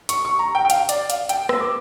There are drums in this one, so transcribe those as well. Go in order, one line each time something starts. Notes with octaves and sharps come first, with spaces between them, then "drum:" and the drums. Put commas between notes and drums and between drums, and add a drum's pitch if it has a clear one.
C#6, drum: hi-hat
C#6
A#5
G5
G5
F5, drum: hi-hat
D5, drum: hi-hat
F5, drum: hi-hat
G5, drum: hi-hat
E6, drum: rim click
D6